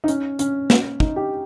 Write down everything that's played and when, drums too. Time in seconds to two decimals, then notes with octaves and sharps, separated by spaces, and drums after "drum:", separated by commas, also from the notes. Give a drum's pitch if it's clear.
0.04 D#4
0.08 C#4, drum: hi-hat
0.39 C#4, drum: hi-hat
0.70 drum: snare
1.00 D#4, drum: kick
1.16 G4